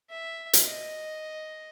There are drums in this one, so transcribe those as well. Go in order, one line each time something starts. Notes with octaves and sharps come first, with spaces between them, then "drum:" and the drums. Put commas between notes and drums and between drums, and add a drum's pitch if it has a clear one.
E5
drum: hi-hat
D#5